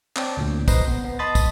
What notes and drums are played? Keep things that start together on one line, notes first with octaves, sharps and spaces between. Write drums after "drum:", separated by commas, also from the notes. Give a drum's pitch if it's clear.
C4 C#5 D5 G5 A5, drum: clap
D2 A#2 D3
B4 C5 D#5 A#5 C6, drum: kick, tambourine
B3
B3
D#5 A5 B5 C6 D#6 A6
drum: kick, tambourine